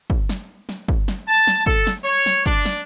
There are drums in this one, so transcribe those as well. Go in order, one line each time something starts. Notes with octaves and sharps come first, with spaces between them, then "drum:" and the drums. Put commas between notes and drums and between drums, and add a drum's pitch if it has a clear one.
drum: kick
drum: snare
drum: snare
drum: kick
drum: snare
A5
drum: snare
A4, drum: kick
drum: snare
C#5
drum: snare
D4, drum: kick
drum: snare